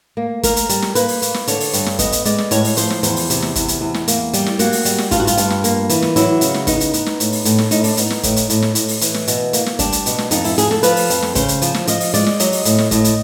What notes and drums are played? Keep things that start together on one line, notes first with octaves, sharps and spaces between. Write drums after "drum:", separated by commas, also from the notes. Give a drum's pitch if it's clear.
A#3
A#3 A#4, drum: kick, hi-hat
drum: hi-hat
G3, drum: hi-hat
drum: snare
A#3 B4, drum: hi-hat
drum: open hi-hat
A#3, drum: hi-hat
drum: snare
D3 C#5, drum: hi-hat
drum: open hi-hat
G2, drum: hi-hat
drum: snare
B3 D#5, drum: kick, hi-hat
drum: hi-hat
G#3 D5, drum: hi-hat
drum: snare
A2 C#5, drum: hi-hat
drum: open hi-hat
F3 C5, drum: hi-hat
drum: snare
E2 C5, drum: hi-hat
drum: open hi-hat
C3, drum: hi-hat
drum: snare
E2, drum: kick, hi-hat
drum: hi-hat
E2
drum: snare
A#3, drum: hi-hat
G3, drum: hi-hat
drum: snare
A#3 F#4, drum: hi-hat
drum: open hi-hat
G3, drum: hi-hat
drum: snare
G2 F4, drum: kick, hi-hat
F#4
F4, drum: hi-hat
G2, drum: hi-hat
drum: snare
A#3, drum: hi-hat
E3, drum: hi-hat
drum: snare
F#3 E4, drum: hi-hat
C#3, drum: hi-hat
drum: snare
B3 D#4, drum: kick, hi-hat
drum: hi-hat
B3, drum: hi-hat
drum: snare
A2, drum: hi-hat
drum: open hi-hat
A2, drum: hi-hat
drum: snare
A2 D#4, drum: hi-hat
D4, drum: open hi-hat
B3 D#4, drum: hi-hat
drum: snare
A2, drum: kick, hi-hat
drum: hi-hat
A2, drum: hi-hat
drum: snare
A2, drum: hi-hat
drum: open hi-hat
E3, drum: hi-hat
drum: snare
B2, drum: hi-hat
A#3, drum: hi-hat
drum: snare
G3 D4, drum: kick, hi-hat
drum: hi-hat
B2, drum: hi-hat
drum: snare
F2 D#4, drum: hi-hat
E4, drum: open hi-hat
F2 G#4, drum: hi-hat
A4, drum: snare
F3 B4, drum: hi-hat
drum: open hi-hat
F2, drum: hi-hat
drum: snare
C#3 C5, drum: kick, hi-hat
drum: hi-hat
F3, drum: hi-hat
drum: snare
F3 D#5, drum: hi-hat
drum: open hi-hat
G#3 D5, drum: hi-hat
drum: snare
F#3 D#5, drum: hi-hat
drum: open hi-hat
A2, drum: hi-hat
drum: snare
A2 D#5, drum: kick, hi-hat
drum: hi-hat